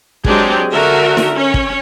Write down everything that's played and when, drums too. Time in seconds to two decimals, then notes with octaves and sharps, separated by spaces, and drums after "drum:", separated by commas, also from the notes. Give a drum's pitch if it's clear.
0.24 F#3 G#3 C4 D4 G4 G#4, drum: kick
0.72 D3 F#4 A#4 E5
1.17 drum: snare D#4
1.34 C#4 C#5
1.54 drum: kick